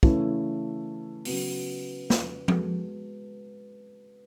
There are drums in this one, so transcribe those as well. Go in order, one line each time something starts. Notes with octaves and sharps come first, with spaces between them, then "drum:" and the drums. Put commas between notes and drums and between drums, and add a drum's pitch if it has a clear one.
C#3 E3 A3 C#4 E4, drum: kick
C#3 F#3 B3 F#4, drum: open hi-hat
drum: snare
G#3 B3 F#4 A4, drum: tom F3